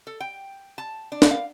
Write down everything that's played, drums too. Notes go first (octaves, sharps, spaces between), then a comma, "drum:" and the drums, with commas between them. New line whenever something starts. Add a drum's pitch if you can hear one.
A4
G5
A5
D4
drum: snare
F5